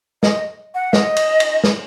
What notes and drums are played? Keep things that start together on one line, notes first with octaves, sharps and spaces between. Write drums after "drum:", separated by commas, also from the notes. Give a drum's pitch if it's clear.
D#5, drum: snare
F#5
D#5, drum: snare
drum: cymbal
drum: cymbal
drum: snare